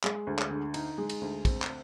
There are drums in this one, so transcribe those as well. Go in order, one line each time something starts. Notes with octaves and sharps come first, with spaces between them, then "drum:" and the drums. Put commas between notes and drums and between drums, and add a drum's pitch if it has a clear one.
G#3, drum: clap
D2
drum: clap
D3
D#4, drum: cymbal
G#3
drum: cymbal
D2
C4, drum: kick, cymbal
drum: clap